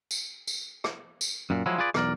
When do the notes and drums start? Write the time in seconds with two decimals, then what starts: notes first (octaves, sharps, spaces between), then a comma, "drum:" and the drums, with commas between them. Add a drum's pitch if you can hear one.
0.11 drum: tambourine
0.47 drum: tambourine
0.84 drum: rim click
1.21 drum: tambourine
1.50 F#2 A#2
1.66 F3 F#3 G#3 E4
1.78 F4 G#4 B4 D5
1.94 B1 E2 A#4 D5, drum: rim click